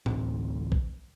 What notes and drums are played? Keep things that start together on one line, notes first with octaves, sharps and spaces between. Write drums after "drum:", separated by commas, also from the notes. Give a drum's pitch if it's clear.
D1 A1 C4, drum: tom A2
drum: kick